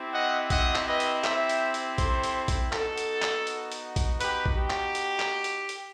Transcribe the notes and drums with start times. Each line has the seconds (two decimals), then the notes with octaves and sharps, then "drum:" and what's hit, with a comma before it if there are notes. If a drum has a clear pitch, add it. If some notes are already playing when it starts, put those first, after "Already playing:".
Already playing: C4 E4 G4
0.14 D#5 F#5
0.50 D#5 F#5, drum: kick A#1, hi-hat
0.75 drum: clap
0.88 B4 D#5
1.00 drum: hi-hat
1.24 C5 E5, drum: clap
1.49 drum: hi-hat
1.74 drum: hi-hat
1.98 A4 C5, drum: kick A#1, hi-hat
2.23 drum: hi-hat
2.48 drum: kick A#1, hi-hat
2.73 B3 D#4 F#4 A4, drum: clap
2.97 drum: hi-hat
3.22 drum: clap
3.47 drum: hi-hat
3.72 drum: hi-hat
3.96 drum: kick A#1, hi-hat
4.20 G4 B4, drum: hi-hat
4.46 drum: kick A#1
4.58 G4
4.70 drum: clap
4.95 drum: hi-hat
5.20 drum: clap
5.44 drum: hi-hat
5.69 drum: hi-hat